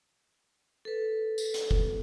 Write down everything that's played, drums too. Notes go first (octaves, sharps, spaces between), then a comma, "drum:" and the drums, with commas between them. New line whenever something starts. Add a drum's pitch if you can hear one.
A4 B4
drum: tambourine
drum: hi-hat
drum: kick F#1